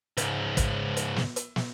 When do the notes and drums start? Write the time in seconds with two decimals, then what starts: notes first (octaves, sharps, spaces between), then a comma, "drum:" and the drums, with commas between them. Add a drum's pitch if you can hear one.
0.17 C#2 G#2, drum: hi-hat
0.57 drum: kick, hi-hat
0.97 drum: hi-hat
1.16 drum: snare
1.36 drum: hi-hat
1.56 drum: snare